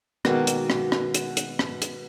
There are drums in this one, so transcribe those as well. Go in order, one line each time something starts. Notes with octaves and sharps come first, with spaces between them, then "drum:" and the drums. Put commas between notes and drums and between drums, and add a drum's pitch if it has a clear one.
B2 D#3 G#3 A#3, drum: rim click
drum: hi-hat
drum: rim click
drum: rim click
drum: hi-hat
drum: hi-hat
drum: rim click
drum: hi-hat